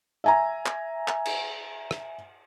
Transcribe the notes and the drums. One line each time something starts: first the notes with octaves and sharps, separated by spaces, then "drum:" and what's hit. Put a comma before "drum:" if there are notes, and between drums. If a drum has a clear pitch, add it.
E5 G#5 A#5
drum: clap
drum: clap
drum: cymbal
drum: rim click